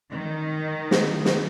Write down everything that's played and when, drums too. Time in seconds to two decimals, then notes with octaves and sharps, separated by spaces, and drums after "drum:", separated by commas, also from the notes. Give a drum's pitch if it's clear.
0.10 D#3
0.91 drum: snare
1.25 drum: snare